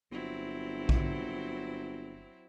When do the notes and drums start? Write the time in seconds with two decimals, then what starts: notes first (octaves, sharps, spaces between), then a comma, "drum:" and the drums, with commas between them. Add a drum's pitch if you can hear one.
0.11 G1 F#3 C4 E4
0.89 drum: kick A#1